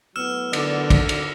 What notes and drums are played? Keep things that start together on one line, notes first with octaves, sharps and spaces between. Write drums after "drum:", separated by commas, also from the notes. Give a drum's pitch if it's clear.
A2 F#3 B3 E6 F6 E7
D3 D5, drum: cymbal
drum: kick, cymbal
drum: cymbal